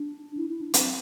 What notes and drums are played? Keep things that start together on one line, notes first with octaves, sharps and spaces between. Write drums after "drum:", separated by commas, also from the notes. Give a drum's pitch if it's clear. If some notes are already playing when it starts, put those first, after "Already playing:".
Already playing: D4
E4
E4
D4
C4, drum: hi-hat